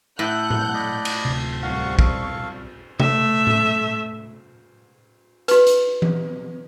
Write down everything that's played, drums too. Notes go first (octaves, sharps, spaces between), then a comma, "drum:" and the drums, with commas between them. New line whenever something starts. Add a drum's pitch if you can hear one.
A2 F#5 F#6 G6
drum: tom A2
D5 D#5 B5
drum: cymbal
D1 C3
C2 F#4 F5 F#5 C#6
A4 F5, drum: kick
A3 E5, drum: tom C3
drum: tom A2
F#4 B4, drum: hi-hat
drum: hi-hat
drum: tom E3